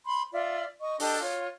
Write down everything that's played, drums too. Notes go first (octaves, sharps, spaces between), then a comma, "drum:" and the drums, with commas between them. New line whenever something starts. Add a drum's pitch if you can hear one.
B5 C6
F4 D5 E5
D#5 C#6
D4 G4 A4 D#5, drum: open hi-hat
F4 C#5